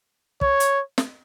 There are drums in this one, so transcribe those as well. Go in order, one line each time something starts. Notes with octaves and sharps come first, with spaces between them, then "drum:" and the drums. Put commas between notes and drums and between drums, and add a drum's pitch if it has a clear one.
C#5, drum: kick
drum: hi-hat
drum: snare